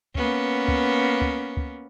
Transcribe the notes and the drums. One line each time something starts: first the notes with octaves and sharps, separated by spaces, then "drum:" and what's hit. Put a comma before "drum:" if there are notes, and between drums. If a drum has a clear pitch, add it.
A#3 B3 C#4, drum: kick
drum: kick
drum: kick
drum: kick